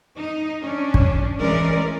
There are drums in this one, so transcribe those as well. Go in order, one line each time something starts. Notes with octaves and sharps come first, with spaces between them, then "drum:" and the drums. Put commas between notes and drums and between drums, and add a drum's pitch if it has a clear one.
D#4
C#4 D4
drum: kick
E3 G#3 C#4 A#4 D5